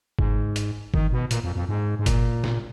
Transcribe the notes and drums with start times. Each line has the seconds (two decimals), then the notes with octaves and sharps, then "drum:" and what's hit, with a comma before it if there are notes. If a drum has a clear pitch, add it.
0.19 G#2, drum: kick G1
0.56 drum: hi-hat
0.94 D#3, drum: kick G1
1.12 B2
1.31 A#2, drum: hi-hat
1.44 F2
1.56 F2
1.69 G#2
1.99 G#2
2.06 A#2, drum: kick G1, hi-hat
2.44 drum: snare